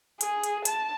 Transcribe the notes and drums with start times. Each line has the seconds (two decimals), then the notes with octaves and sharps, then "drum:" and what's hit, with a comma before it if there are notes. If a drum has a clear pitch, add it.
0.21 G#4, drum: hi-hat
0.44 drum: hi-hat
0.65 A5, drum: hi-hat